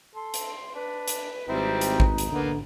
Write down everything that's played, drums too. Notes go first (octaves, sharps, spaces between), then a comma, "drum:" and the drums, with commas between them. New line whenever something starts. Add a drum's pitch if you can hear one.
A4 C6
drum: hi-hat
D4 B4
drum: hi-hat
G#1 G3 C4 D#4 E4
drum: hi-hat
drum: kick A1
drum: hi-hat
D3 A#3 B3